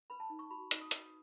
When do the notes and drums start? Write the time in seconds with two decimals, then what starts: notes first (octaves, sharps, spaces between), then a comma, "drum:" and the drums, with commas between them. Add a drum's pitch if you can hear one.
0.10 B4 B5
0.20 A5
0.30 D#4
0.39 C#6
0.50 F#4 B5
0.71 D#4, drum: hi-hat
0.81 D#6
0.91 B4, drum: hi-hat